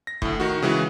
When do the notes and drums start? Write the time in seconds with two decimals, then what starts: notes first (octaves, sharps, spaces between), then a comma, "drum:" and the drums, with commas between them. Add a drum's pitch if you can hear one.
0.07 A#6
0.22 D2 A2, drum: kick F#1
0.40 D#3 F#4
0.62 C#3 E3 G#3 F#4